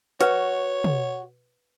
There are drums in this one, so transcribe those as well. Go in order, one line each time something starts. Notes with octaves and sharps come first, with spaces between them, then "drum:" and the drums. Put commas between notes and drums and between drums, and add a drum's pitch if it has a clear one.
F#4 B4 C#5 C#6, drum: hi-hat
drum: tom